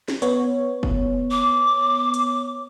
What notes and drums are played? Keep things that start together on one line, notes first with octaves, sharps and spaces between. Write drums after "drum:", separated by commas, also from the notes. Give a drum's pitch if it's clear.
drum: snare
B3 C#5, drum: hi-hat
drum: kick
D6
drum: hi-hat